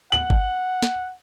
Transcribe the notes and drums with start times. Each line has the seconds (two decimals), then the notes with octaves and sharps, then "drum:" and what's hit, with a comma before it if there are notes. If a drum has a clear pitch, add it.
0.12 F#5 F#7
0.30 drum: kick
0.82 drum: snare